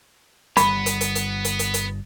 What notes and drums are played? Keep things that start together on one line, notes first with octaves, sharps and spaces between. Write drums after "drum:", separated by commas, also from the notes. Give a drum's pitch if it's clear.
G1 G3 B3 B5, drum: hi-hat
drum: hi-hat
drum: hi-hat
drum: hi-hat
drum: hi-hat
drum: hi-hat
drum: hi-hat